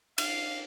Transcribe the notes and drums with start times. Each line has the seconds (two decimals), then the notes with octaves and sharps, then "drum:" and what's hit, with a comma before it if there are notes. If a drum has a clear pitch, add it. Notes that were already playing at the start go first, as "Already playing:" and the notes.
0.18 F5, drum: cymbal